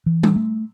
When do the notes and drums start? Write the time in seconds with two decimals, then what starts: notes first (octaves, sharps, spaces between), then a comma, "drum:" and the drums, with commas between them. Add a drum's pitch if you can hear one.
0.06 E3
0.23 drum: tom G3
0.36 A3